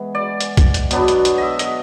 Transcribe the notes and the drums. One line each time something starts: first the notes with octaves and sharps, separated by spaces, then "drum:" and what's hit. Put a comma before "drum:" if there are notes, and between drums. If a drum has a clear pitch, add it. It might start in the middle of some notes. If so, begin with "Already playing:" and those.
Already playing: E3 G#3 B3
D5
drum: hi-hat
drum: kick C2, hi-hat
drum: hi-hat
B2 F#3 B3 D4, drum: hi-hat
drum: hi-hat
drum: hi-hat
D#5 E5
D#5, drum: hi-hat